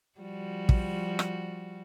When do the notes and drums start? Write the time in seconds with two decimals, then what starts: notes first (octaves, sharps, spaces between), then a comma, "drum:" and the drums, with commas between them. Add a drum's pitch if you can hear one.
0.19 F3 G3 F#4
0.69 drum: kick
1.19 drum: rim click